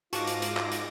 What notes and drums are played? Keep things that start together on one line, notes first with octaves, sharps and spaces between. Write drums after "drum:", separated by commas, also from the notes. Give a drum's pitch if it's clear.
G#2 F4 F#4 A5 C#6 D6 A#6, drum: hi-hat
drum: hi-hat
drum: hi-hat
drum: clap
drum: hi-hat